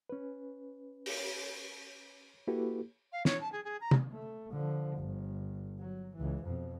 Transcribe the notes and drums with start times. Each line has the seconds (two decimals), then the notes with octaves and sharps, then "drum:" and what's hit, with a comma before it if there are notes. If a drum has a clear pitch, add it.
0.09 C#4 B4
1.06 drum: open hi-hat
2.47 A#3 E4 F#4 G4 A4 B4
3.12 F5
3.25 C#5, drum: snare
3.40 A5
3.52 G#4
3.64 G#4
3.80 A#5
3.91 drum: tom
4.11 A3
4.52 D3 F3
4.97 G1
5.78 F#3
6.16 C#2 E3
6.44 F2 B2